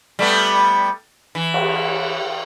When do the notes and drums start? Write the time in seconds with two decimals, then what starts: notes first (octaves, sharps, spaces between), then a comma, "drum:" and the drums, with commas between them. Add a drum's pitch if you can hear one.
0.19 G3 A3 B3
1.35 E3
1.54 drum: cymbal